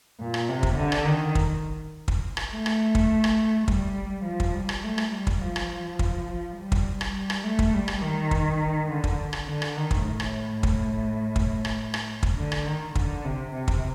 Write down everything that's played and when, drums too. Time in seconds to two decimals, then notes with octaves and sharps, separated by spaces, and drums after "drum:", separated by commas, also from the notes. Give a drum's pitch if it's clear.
0.19 A#2
0.34 drum: rim click
0.49 C3
0.63 drum: kick
0.78 D3
0.92 drum: rim click
1.06 D#3
1.35 drum: kick
2.08 drum: kick
2.37 drum: rim click
2.51 A3
2.66 drum: rim click
2.95 drum: kick
3.24 drum: rim click
3.68 G3, drum: kick
4.25 F3
4.40 drum: kick
4.54 G3
4.69 drum: rim click
4.83 A3
4.98 drum: rim click
5.12 G3
5.27 drum: kick
5.41 F3
5.56 drum: rim click
5.99 drum: kick
6.57 G3
6.72 drum: kick
7.01 drum: rim click
7.15 G3
7.30 drum: rim click
7.44 A3
7.59 drum: kick
7.73 G3
7.88 drum: rim click
8.02 D#3
8.31 drum: kick
8.89 D3
9.04 drum: kick
9.33 drum: rim click
9.47 D3
9.62 drum: rim click
9.77 D#3
9.91 drum: kick
10.05 A2
10.20 drum: rim click
10.63 drum: kick
11.36 drum: kick
11.65 drum: rim click
11.94 drum: rim click
12.23 drum: kick
12.37 D3
12.52 drum: rim click
12.66 D#3
12.95 D3, drum: kick
13.24 C3
13.53 C3
13.68 drum: kick